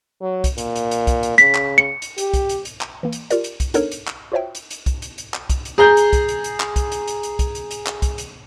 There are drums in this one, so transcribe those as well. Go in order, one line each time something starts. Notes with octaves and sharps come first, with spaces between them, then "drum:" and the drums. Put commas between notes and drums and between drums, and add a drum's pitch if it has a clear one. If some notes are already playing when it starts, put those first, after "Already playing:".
F#3
drum: kick, hi-hat
A#2, drum: hi-hat
drum: hi-hat
drum: hi-hat
drum: kick, hi-hat
drum: hi-hat
C#3 B6, drum: hi-hat
drum: clap
C#7
drum: hi-hat
G4, drum: hi-hat
drum: kick, hi-hat
drum: hi-hat
drum: hi-hat
drum: clap
E3 A#3
drum: hi-hat
F4 G4 A#4 D5, drum: hi-hat
drum: hi-hat
drum: kick, hi-hat
B3 D4 D#4 A4 A#4 C#5, drum: hi-hat
drum: hi-hat
drum: clap
F4 F#4 C5 C#5 E5 G5
drum: hi-hat
drum: hi-hat
drum: kick, hi-hat
drum: hi-hat
drum: hi-hat
drum: clap
drum: kick, hi-hat
drum: hi-hat
G#4 A#5 G6
drum: hi-hat
drum: kick, hi-hat
drum: hi-hat
drum: hi-hat
drum: clap
drum: kick, hi-hat
drum: hi-hat
drum: hi-hat
drum: hi-hat
drum: kick, hi-hat
drum: hi-hat
drum: hi-hat
drum: clap
drum: kick, hi-hat
drum: hi-hat